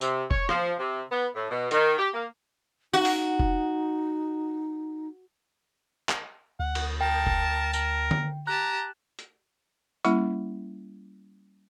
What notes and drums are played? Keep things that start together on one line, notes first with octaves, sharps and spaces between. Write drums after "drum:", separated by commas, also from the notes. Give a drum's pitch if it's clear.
C3, drum: tambourine
C#5, drum: kick F1
F3, drum: rim click
C3
B3
A2
B2
D#3, drum: hi-hat
G4
A#3
D#4 F#4
drum: open hi-hat
drum: kick F1
drum: clap
D2 F#5
drum: cymbal
A#4 G5 A5
drum: kick F1
A#4, drum: tambourine
drum: tom D3
G4 A5 A#5 F#6
drum: hi-hat
G3 A#3 C#4 E4, drum: hi-hat